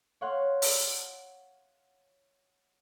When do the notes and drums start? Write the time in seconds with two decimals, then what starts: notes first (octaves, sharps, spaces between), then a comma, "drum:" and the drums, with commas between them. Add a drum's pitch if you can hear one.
0.21 C#5 F5 F#5 C6
0.62 drum: open hi-hat